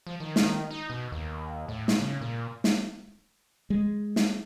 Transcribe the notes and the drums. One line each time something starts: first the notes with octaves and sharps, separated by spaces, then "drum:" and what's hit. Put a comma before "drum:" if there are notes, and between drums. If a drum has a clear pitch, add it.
F3
D#3
drum: snare
D#4
B2
D#2
A2
drum: snare
C#3
A#2
drum: snare
G#3
drum: snare